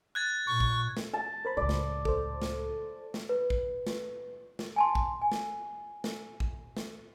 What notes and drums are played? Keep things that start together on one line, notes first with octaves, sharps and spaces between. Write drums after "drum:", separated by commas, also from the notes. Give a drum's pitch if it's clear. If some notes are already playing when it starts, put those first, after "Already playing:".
F#6 G#6 A6
A#2 C#6
drum: kick A1
drum: snare
A5
A#4 C5 B5
C#2 A2 D5
drum: snare
A4 C5, drum: kick A1
drum: snare
drum: snare
B4
drum: kick A1
drum: snare
drum: snare
G#5 A5 C6
drum: kick A1
G#5
drum: snare
drum: snare
drum: kick A1
drum: snare